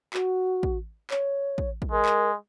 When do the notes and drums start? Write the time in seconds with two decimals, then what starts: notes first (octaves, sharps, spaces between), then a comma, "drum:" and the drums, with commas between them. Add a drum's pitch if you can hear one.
0.14 F#4, drum: clap
0.63 drum: kick
1.11 C#5, drum: clap
1.58 drum: kick
1.82 drum: kick
1.91 G#3 A#4
2.06 drum: clap